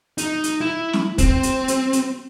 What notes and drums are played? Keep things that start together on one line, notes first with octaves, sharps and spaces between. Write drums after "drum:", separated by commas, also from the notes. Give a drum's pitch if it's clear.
D#4, drum: hi-hat
drum: hi-hat
E4
drum: snare
C4, drum: kick, hi-hat
drum: hi-hat
drum: hi-hat
drum: hi-hat